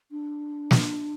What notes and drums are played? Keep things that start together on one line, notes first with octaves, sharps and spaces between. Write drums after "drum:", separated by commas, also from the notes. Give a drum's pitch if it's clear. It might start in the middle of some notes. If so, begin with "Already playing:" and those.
D4
drum: snare